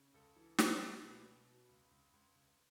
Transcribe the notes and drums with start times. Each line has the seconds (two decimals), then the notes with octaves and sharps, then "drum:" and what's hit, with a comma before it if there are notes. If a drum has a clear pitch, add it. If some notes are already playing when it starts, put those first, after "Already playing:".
Already playing: C#3
0.14 C#2 A4
0.36 E3
0.59 E3, drum: snare
0.80 C#2
1.02 B2 B4
1.25 B2
1.47 B2
1.69 C#2
1.91 C#2
2.13 C#2
2.35 C#2